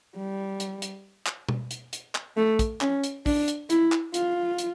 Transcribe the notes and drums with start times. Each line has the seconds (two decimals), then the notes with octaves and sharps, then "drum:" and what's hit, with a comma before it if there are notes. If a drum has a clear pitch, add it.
0.16 G3
0.60 drum: hi-hat
0.82 drum: hi-hat
1.26 drum: clap
1.49 drum: tom B2
1.71 drum: hi-hat
1.93 drum: hi-hat
2.15 drum: clap
2.37 A3
2.59 drum: kick, hi-hat
2.81 C#4, drum: clap
3.03 drum: hi-hat
3.26 D4, drum: kick, open hi-hat
3.48 drum: hi-hat
3.70 E4, drum: hi-hat
3.92 drum: clap
4.14 F4, drum: hi-hat
4.58 drum: hi-hat